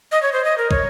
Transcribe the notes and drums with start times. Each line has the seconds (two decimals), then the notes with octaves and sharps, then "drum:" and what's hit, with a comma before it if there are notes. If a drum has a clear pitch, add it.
0.12 D#5
0.23 C#5
0.33 C5
0.44 D#5
0.58 A#4
0.71 C#5, drum: kick